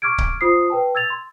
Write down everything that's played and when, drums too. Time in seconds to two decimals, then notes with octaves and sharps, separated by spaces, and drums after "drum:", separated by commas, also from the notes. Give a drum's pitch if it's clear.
0.02 C#6 D6 F6 G#6 D7
0.18 drum: kick C#1
0.41 F4 C5 D#6 C7
0.70 B4 G5 A5
0.95 E6 G#6 A6 F7
1.10 C6